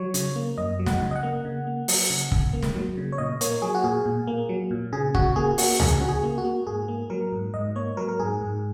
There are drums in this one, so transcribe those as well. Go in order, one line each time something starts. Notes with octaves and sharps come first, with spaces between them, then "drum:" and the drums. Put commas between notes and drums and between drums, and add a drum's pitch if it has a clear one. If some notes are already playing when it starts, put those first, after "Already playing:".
Already playing: F#3 C#5
C#3, drum: hi-hat
A#3
F#2 D#5
F#3
F#5, drum: snare
C#3
D#5
F#5
A#3
C#3
A#3
F#3, drum: open hi-hat
C#3
C#3, drum: kick
A#3
drum: snare
F#3
C#3
C#5
A#2 D#5
A#3 C#5, drum: hi-hat
F#3 G#4
F#4
A#2 G#4
A#2
A#3
F#3
A#2
C#3 G#4
C#3 F#4, drum: kick
F#4
A#3 G#4
A#3 F#4, drum: open hi-hat
C#3 G#4, drum: tom C#2
C#3 F#4
G#4
A#3
F#4
A#3
G#2 G#4
A#3
F#3 A#4
G#2
G#2 D#5
A#3 C#5
F#3 A#4
A#4
G#2 G#4
G#2